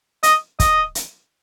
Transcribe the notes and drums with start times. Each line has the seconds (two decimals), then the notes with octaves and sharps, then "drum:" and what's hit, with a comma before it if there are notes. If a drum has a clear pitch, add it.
0.23 D#5, drum: hi-hat
0.60 D#5, drum: kick, hi-hat
0.95 drum: hi-hat